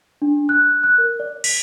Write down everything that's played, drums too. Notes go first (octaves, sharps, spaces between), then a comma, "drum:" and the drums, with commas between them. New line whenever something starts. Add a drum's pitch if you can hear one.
D4
F#6
F#6
A#4
D5
B6, drum: cymbal